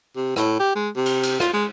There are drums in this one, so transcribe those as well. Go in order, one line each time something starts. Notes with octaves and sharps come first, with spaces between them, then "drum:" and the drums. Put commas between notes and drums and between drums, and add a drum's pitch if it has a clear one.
C3
A2, drum: rim click
G4
G#3
C3
drum: cymbal
drum: cymbal
F4, drum: rim click
G#3